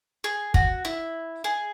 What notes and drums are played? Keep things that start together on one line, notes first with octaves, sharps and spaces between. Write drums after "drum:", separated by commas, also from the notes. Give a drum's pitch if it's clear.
G#4
F#4, drum: kick
E4
G#4